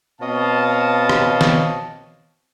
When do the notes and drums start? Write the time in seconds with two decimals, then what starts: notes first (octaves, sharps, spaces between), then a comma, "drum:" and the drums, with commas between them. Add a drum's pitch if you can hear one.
0.21 B2 C4 C#5 D#5 F5 A5
1.09 drum: rim click
1.41 drum: snare